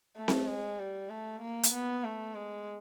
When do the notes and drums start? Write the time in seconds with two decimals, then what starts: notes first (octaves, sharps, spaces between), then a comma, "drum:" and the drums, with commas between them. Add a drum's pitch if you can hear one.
0.16 A3
0.28 drum: snare C4
0.47 G#3
0.79 G3
1.10 A3
1.41 A#3
1.63 drum: hi-hat
1.73 B3
2.04 A3
2.34 G#3